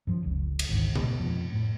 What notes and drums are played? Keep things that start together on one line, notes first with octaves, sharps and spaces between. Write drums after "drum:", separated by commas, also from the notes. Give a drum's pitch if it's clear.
F#2 F3
F1 C#2
drum: cymbal
G#1 D2 G#2 D#3
B2, drum: tom C3
F2
A2